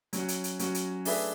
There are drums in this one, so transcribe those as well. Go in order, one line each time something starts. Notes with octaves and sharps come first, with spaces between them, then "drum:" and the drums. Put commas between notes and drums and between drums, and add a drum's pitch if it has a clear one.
F#3 C#4 F#4, drum: hi-hat
drum: hi-hat
drum: hi-hat
F#3 C#4 F#4, drum: hi-hat
drum: hi-hat
A3 D4 G#4 B4 E5, drum: open hi-hat